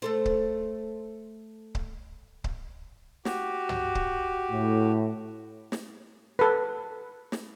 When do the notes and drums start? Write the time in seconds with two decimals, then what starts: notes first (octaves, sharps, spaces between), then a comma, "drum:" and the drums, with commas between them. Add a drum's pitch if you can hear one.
0.02 A3 A4 C5
0.25 drum: kick C#1
1.75 drum: kick C#1
2.44 drum: kick C#1
3.25 F#4 G4, drum: snare
3.69 drum: tom
3.95 drum: kick C#1
4.50 A2
5.72 drum: snare
6.39 A4 B4
7.32 drum: snare